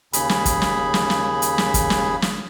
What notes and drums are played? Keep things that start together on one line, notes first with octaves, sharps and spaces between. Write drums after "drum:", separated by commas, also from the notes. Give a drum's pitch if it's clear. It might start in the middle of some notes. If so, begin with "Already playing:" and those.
D#2 C#3 G#4 B5, drum: hi-hat
drum: snare
drum: kick, hi-hat
drum: snare
drum: snare
drum: snare
drum: hi-hat
drum: snare
drum: kick, hi-hat
drum: snare
drum: snare